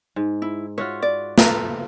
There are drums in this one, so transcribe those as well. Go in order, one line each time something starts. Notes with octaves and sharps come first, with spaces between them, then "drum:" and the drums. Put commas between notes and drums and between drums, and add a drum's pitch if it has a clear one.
G#2
E4
F4 F#4 C#5 E5
D5
F4 A4 B4 E5 A#5, drum: snare